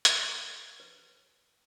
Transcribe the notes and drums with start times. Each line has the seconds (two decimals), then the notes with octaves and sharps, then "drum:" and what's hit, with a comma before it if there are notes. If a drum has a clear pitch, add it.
0.05 drum: hi-hat
0.80 B4